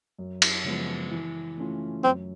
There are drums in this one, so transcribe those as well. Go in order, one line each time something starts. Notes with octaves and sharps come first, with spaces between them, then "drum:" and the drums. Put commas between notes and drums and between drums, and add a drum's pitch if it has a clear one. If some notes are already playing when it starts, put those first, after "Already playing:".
F#2
drum: cymbal
C#3 F3 G#3 B3
E3
A3 C#4 F4
F#2 C4